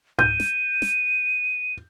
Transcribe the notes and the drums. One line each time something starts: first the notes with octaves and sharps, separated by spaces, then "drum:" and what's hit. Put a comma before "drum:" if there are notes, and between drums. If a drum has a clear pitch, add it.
G6 D#7, drum: tom G#2
drum: snare
drum: snare